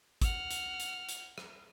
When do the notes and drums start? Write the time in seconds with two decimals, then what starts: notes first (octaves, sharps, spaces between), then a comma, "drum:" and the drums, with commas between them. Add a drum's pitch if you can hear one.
0.22 F#5 F6, drum: kick, hi-hat
0.51 drum: hi-hat
0.80 drum: hi-hat
1.09 drum: hi-hat
1.38 drum: rim click